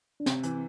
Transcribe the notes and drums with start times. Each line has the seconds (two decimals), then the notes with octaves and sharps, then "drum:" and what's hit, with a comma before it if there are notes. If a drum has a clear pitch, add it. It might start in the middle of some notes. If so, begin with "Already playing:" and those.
0.20 D4
0.26 C3 C4, drum: snare
0.43 E3, drum: hi-hat